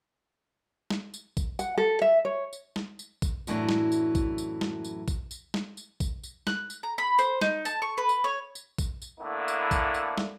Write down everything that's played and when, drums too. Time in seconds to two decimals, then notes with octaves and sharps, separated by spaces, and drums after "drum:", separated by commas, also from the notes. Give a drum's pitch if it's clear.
0.90 drum: snare
1.14 drum: tambourine
1.37 drum: kick, tambourine
1.59 F#5, drum: tambourine
1.78 A4
2.02 E5
2.25 C#5
2.53 drum: tambourine
2.76 drum: snare
2.99 drum: tambourine
3.22 drum: kick, tambourine
3.47 F#2 A2 E3 F#3 D4, drum: tambourine
3.69 drum: snare
3.92 drum: tambourine
4.15 drum: kick, tambourine
4.38 drum: tambourine
4.61 drum: snare
4.84 drum: tambourine
5.08 drum: kick, tambourine
5.31 drum: tambourine
5.54 drum: snare
5.77 drum: tambourine
6.00 drum: kick, tambourine
6.24 drum: tambourine
6.47 F#6, drum: snare
6.70 drum: tambourine
6.83 A#5
6.98 B5
7.19 C5, drum: tambourine
7.41 D#4, drum: snare
7.65 A5, drum: tambourine
7.82 C#6
7.98 B4
8.09 drum: tambourine
8.24 C#5
8.55 drum: tambourine
8.78 drum: kick, tambourine
9.02 drum: tambourine
9.20 A2 D3 A#3 B3 E4
9.48 drum: tambourine
9.71 drum: kick, tambourine
9.94 drum: tambourine
10.18 drum: snare